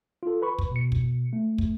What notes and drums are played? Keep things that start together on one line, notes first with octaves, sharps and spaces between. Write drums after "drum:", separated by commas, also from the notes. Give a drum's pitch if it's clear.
F4 A4
B4 B5 C#6
drum: kick
B2 C#7
drum: kick
A3
drum: kick